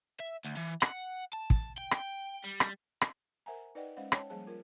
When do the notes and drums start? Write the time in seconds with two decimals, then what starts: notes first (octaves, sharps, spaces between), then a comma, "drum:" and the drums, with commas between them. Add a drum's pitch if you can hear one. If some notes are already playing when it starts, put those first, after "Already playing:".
0.20 E5
0.45 D2
0.57 E3
0.82 F#5, drum: rim click
1.33 A5
1.50 drum: kick
1.78 G5
1.91 drum: rim click
2.44 G3
2.60 drum: rim click
3.01 drum: rim click
3.46 A#4 C5 E5 F#5 G#5 A#5
3.75 D#4 B4 D5 D#5 F#5 G5
3.97 G#3 C#4 C5 D#5 F5 F#5
4.12 C#5 G5 A5, drum: rim click
4.30 F3 G3 A#3 G#4 C5 A5
4.47 F4 A#4